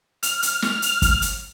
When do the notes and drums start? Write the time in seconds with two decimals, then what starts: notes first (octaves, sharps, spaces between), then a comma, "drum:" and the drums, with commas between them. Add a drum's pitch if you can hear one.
0.23 F6, drum: hi-hat
0.42 drum: hi-hat
0.62 drum: snare
0.82 drum: hi-hat
1.02 drum: kick, hi-hat
1.22 drum: hi-hat